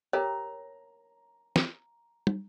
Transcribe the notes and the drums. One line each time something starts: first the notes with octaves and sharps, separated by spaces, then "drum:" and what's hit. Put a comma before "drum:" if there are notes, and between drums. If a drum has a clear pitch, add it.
G4 A#4 C#5 A#5
drum: snare
drum: tom